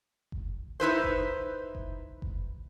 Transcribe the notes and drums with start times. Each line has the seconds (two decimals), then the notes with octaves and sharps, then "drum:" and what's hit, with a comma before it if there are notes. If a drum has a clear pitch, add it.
0.32 drum: kick F#1
0.80 D#4 E4 B4 C5
1.03 drum: kick F#1
1.75 drum: kick F#1
2.22 drum: kick F#1